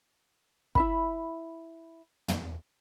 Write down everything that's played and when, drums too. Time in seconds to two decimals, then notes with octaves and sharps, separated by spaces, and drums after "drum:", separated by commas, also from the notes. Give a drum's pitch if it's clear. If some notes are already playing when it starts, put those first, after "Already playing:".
0.75 E4 E5 B5, drum: kick
2.28 drum: tom